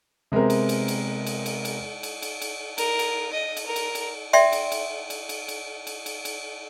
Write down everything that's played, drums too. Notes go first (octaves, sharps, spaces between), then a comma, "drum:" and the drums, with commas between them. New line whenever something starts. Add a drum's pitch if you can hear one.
C3 G#3 B3 C4 A#4
drum: cymbal
drum: cymbal
drum: cymbal
drum: cymbal
drum: cymbal
drum: cymbal
drum: cymbal
drum: cymbal
drum: cymbal
A#4, drum: cymbal
drum: cymbal
D#5
drum: cymbal
A#4
drum: cymbal
drum: cymbal
D5 E5 G5 C6, drum: cymbal
drum: cymbal
drum: cymbal
drum: cymbal
drum: cymbal
drum: cymbal
drum: cymbal
drum: cymbal
drum: cymbal